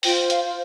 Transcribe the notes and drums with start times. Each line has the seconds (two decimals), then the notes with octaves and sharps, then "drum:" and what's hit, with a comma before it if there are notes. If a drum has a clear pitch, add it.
0.03 F4 C5 G5, drum: open hi-hat
0.30 F5, drum: hi-hat